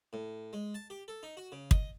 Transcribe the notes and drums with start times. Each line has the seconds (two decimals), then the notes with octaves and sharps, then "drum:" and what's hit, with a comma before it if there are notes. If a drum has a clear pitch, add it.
0.13 A2
0.53 G#3
0.74 A5
0.90 G4
1.08 A4
1.23 D#4
1.37 F#4
1.52 C#3
1.71 D#5, drum: kick